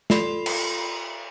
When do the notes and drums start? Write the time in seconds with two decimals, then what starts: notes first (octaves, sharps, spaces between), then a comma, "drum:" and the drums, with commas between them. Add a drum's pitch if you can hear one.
0.10 F4 A4 D5 B5 C6 C7, drum: snare
0.46 drum: cymbal